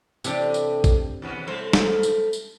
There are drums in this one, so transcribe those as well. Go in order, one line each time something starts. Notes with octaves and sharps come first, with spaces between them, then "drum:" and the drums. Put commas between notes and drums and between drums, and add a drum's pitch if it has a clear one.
A2 C3 E3 D4 G4, drum: tambourine
drum: tambourine
drum: kick, tambourine
D#2 B3 C#4
G3 A3 C5 C#5
drum: snare
drum: tambourine
drum: tambourine